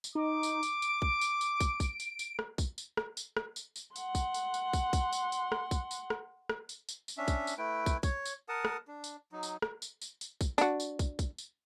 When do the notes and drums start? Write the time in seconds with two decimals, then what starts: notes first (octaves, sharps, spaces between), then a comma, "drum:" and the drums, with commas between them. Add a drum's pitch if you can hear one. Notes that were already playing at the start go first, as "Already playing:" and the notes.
0.04 drum: tambourine
0.15 D#4 D6
0.43 drum: tambourine
0.63 drum: tambourine
0.82 D7, drum: tambourine
1.02 drum: kick
1.21 drum: tambourine
1.41 drum: tambourine
1.61 drum: kick, tambourine
1.80 drum: kick, tambourine
2.00 drum: tambourine
2.19 drum: tambourine
2.39 drum: rim click
2.58 drum: kick, tambourine
2.78 drum: tambourine
2.97 drum: rim click
3.17 drum: tambourine
3.37 drum: rim click
3.56 drum: tambourine
3.76 drum: tambourine
3.96 F#5 C6, drum: tambourine
4.15 drum: kick, tambourine
4.34 drum: tambourine
4.54 drum: tambourine
4.73 drum: kick, tambourine
4.93 drum: kick, tambourine
5.13 drum: tambourine
5.32 drum: tambourine
5.52 drum: rim click
5.71 drum: kick, tambourine
5.91 drum: tambourine
6.10 drum: rim click
6.49 drum: rim click
6.69 drum: tambourine
6.89 drum: tambourine
7.08 drum: tambourine
7.18 C#4 D4 E5
7.28 drum: kick, tambourine
7.47 drum: tambourine
7.58 A3 E4 B4 G5
7.86 drum: kick, tambourine
8.03 C#5, drum: kick, tambourine
8.25 drum: tambourine
8.49 A#4 F#5 A5 D#6
8.65 drum: rim click
8.88 D4
9.04 drum: tambourine
9.32 F#3 D#4
9.43 drum: tambourine
9.62 drum: rim click
9.82 drum: tambourine
10.02 drum: tambourine
10.21 drum: tambourine
10.41 drum: kick, tambourine
10.58 D4 F#4, drum: tambourine
10.80 drum: tambourine
10.99 drum: kick, tambourine
11.19 drum: kick, tambourine
11.38 drum: tambourine